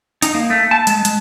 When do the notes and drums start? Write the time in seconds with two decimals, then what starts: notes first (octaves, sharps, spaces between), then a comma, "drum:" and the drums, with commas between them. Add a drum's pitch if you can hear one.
0.22 D#4, drum: hi-hat
0.35 A#3
0.50 A3
0.71 A5
0.87 G#3, drum: hi-hat
1.05 G#3, drum: hi-hat